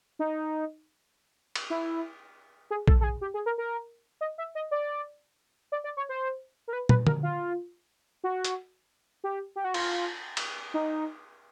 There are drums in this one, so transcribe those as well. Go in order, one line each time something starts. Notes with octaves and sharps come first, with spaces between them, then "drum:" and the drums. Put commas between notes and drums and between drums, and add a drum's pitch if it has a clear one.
D#4
drum: cymbal
E4
G#4
A4, drum: kick A#1
A4
G#4
G4
G#4
A#4
A#4
D#5
E5
D#5
D5
D5
D5
C#5
C5
A#4
B4
B4, drum: tom
A#4, drum: tom D3
F4
F#4
drum: hi-hat
G4
G4
F#4
F4, drum: cymbal
drum: cymbal
D#4